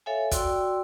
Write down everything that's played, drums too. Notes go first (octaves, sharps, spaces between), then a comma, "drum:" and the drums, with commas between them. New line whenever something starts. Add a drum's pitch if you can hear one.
A4 C#5 E5 F5 G#5
F#4 D5 G5 C6 E6, drum: kick, hi-hat